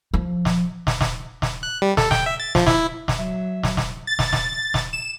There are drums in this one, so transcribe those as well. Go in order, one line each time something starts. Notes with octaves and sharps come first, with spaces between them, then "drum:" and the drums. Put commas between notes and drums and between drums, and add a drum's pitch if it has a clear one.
F3
drum: snare
drum: snare
drum: snare
drum: snare
F#6
G3
A4, drum: snare
G5, drum: snare
E5
A6
F3, drum: snare
E4, drum: snare
drum: snare
F#3 E5
drum: snare
drum: snare
A6
drum: snare
drum: snare
drum: snare
E7